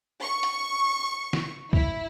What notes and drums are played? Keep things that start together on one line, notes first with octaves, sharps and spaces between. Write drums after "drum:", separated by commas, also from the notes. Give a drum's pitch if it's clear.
C#6
drum: hi-hat
drum: snare
E4, drum: kick C2